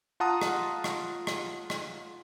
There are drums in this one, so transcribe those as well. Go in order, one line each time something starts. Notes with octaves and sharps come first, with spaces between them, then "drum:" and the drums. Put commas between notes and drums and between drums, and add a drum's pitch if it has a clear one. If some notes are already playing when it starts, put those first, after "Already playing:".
F4 F#5 A5 A#5 D#6
drum: rim click
drum: rim click
drum: rim click
drum: rim click